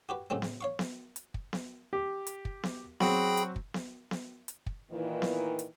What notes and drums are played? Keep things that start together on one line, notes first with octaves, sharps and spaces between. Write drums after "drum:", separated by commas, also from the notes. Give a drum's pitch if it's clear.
F#4 G4 B4
A2 C#3 F#3 G#3 C4
drum: snare B3
C#5 F5 C#6
drum: snare B3
drum: hi-hat
drum: kick
drum: snare B3
G4
drum: hi-hat
drum: kick
drum: snare B3
F#3 C4 F#4 G#4 G5 B5, drum: snare B3
drum: hi-hat
drum: kick
drum: snare B3
drum: snare B3
drum: hi-hat
drum: kick
A#2 D#3 E3
drum: snare B3
drum: hi-hat